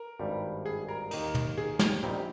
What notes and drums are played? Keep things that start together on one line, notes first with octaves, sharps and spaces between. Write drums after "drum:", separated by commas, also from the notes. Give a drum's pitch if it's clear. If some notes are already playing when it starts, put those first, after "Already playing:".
Already playing: A#4
G#1 G2 G3
G#4
A#4
D#2 D#3 A#3 D#4, drum: cymbal
drum: tom
G#4
G4, drum: snare
A#1 A#2 G3 C4 D#4 G4